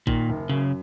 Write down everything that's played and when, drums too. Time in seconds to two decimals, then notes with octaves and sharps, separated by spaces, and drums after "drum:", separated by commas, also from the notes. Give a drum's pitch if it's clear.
0.07 A#2 D#3, drum: kick A1
0.29 F#1
0.49 F#2 C#3